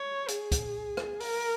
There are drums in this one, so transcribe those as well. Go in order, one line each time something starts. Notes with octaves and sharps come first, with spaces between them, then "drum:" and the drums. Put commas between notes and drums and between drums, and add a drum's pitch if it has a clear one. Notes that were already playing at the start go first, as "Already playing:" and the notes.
Already playing: C#5
G#4, drum: hi-hat
drum: kick, hi-hat
drum: rim click
A#4, drum: open hi-hat